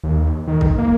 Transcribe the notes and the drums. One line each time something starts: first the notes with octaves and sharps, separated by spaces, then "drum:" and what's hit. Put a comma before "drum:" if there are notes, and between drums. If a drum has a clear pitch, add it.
D#2
D#3
drum: kick
A#3